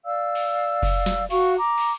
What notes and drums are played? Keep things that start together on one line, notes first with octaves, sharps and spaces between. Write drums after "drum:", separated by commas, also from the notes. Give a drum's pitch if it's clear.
D5 F5 E6
drum: cymbal
drum: kick F1, cymbal
drum: snare
F#4 F5 C#6, drum: cymbal
A#5 D6
drum: cymbal